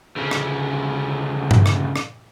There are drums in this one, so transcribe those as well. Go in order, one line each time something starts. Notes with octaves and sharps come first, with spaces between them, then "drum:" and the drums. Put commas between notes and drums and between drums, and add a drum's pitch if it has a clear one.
D2 C#3
drum: rim click
drum: tom G2
drum: rim click
drum: rim click